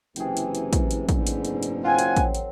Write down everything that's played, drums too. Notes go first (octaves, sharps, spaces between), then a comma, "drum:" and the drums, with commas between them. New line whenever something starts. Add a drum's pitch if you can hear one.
F#1 C3 E3 G#4 G5, drum: hi-hat
drum: hi-hat
drum: hi-hat
drum: kick, hi-hat
drum: hi-hat
G#2 B2 D3, drum: kick, hi-hat
drum: hi-hat
drum: hi-hat
drum: hi-hat
D#3 F#3 C4 F4 F#5 G#5
drum: hi-hat
drum: kick, hi-hat
drum: hi-hat